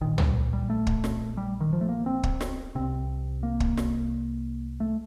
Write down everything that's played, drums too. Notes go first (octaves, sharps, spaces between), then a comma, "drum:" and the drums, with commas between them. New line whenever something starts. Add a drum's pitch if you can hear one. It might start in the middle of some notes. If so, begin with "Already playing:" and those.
A#1 A#2 D#3
G3, drum: tom
G3
A3
drum: kick
drum: snare
G3
D#3
F3
A3
A#3
C4
drum: kick
drum: snare
C2 C3 C4
A#3
drum: kick
drum: snare
A3